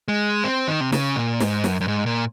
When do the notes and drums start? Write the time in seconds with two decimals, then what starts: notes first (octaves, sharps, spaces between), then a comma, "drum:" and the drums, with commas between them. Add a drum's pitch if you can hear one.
0.08 G#3
0.44 C4
0.68 D#3
0.81 C3
0.92 C#3, drum: snare
1.16 A#2
1.40 G#2, drum: snare
1.64 F#2, drum: snare
1.81 F#2
1.88 G#2
2.06 A#2